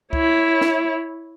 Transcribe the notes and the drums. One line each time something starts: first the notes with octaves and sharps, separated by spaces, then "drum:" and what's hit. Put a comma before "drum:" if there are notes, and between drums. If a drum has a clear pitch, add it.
E4 C#5, drum: kick C#2
drum: snare